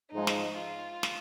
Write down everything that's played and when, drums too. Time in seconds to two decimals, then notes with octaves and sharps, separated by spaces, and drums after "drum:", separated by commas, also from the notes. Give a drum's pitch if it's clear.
0.12 G#2 F3 G#3 D#4
0.27 drum: snare
0.58 F4
1.03 drum: snare